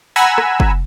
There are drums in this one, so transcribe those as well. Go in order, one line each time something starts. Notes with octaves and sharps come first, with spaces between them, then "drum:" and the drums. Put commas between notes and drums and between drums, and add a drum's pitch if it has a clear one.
F#5 G#5 A#5 B5 E6
drum: rim click
drum: kick